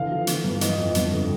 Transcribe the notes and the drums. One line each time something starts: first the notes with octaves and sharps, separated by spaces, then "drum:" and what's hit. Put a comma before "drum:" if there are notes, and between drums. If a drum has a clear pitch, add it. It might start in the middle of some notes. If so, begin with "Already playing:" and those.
Already playing: D3 E3 F5
F3
E3, drum: hi-hat
G2
E3 D#5, drum: hi-hat
F2
G2, drum: hi-hat
D3